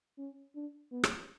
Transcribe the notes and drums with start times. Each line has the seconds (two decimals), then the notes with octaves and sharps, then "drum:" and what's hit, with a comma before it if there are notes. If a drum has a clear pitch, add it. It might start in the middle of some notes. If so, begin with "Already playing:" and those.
0.18 C#4
0.55 D4
0.92 B3
1.04 drum: rim click